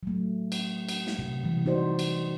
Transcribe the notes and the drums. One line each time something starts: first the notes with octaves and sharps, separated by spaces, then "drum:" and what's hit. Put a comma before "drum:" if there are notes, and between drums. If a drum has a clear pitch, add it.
F#3 A3
drum: cymbal
drum: cymbal
drum: snare
C3
C3 E3 G3
D#4 F#4 C5 D5
drum: cymbal